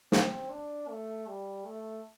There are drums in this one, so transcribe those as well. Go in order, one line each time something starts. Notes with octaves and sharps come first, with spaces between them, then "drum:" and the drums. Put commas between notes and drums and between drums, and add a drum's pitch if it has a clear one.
C4, drum: snare
D4
A3
G3
A3